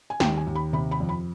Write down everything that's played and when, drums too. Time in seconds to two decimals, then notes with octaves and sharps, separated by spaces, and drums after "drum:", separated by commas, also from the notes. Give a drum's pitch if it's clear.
0.10 G#5
0.20 D#2 G5, drum: snare
0.37 G#5
0.47 D#2
0.55 B5
0.73 C3 B5
0.91 B5
1.00 F2
1.09 B5